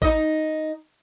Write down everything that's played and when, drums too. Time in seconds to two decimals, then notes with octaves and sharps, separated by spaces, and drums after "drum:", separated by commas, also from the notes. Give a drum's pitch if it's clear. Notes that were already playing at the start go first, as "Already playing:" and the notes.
0.02 D#4 D#5, drum: kick